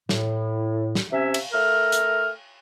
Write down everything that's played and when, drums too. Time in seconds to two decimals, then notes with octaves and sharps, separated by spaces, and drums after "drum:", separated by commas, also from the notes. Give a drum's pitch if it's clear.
0.09 A2, drum: snare
0.95 drum: snare
1.12 C3 C#4 E5
1.34 drum: cymbal
1.52 A3 A#4 F6
1.92 drum: hi-hat